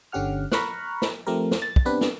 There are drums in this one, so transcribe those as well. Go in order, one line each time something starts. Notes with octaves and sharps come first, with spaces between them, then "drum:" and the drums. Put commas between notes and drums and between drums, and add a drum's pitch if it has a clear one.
G1 D3 C#4 G4 F#5 F6
A#5 B5 C#6 F6 F#6, drum: snare
drum: snare
F3 A3 C4 G4 A#4
drum: snare
A6
drum: kick
B3 C4 D4 G4 B4
drum: snare